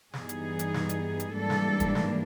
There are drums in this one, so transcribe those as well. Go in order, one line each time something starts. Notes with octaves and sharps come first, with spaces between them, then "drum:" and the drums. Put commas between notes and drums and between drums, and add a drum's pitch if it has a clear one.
G2 E3 G3 B3 D#4 G#4, drum: snare
drum: hi-hat
drum: hi-hat
drum: snare
drum: hi-hat
drum: hi-hat
G#2 E3 G3 A#3 D4 A4
drum: snare
drum: kick, hi-hat
drum: snare